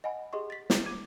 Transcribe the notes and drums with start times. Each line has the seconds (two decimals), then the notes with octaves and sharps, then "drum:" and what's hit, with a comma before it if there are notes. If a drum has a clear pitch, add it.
0.04 D#5 F#5 G#5 B5
0.33 G4 G#4 D#5 C6 C#6
0.50 A6 B6
0.70 drum: snare
0.86 D6 G#6 D#7